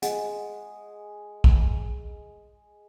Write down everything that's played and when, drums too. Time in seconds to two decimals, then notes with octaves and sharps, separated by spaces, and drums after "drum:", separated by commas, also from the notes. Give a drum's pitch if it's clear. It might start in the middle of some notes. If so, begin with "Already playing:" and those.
0.02 G#3 F#5, drum: hi-hat
1.44 drum: kick A#1